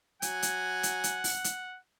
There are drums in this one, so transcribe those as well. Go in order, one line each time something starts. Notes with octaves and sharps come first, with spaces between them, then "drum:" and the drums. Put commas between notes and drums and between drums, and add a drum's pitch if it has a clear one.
F#3 F#5 G#5, drum: hi-hat
drum: hi-hat
drum: hi-hat
drum: hi-hat
drum: open hi-hat
drum: hi-hat